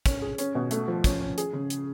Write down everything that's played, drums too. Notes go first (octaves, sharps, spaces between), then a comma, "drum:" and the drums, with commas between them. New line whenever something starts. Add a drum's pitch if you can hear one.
C#4, drum: kick, hi-hat
G#4
C#4, drum: hi-hat
B2
A3, drum: hi-hat
F3
C#4, drum: kick, hi-hat
C#4
G#4, drum: hi-hat
C#3
drum: hi-hat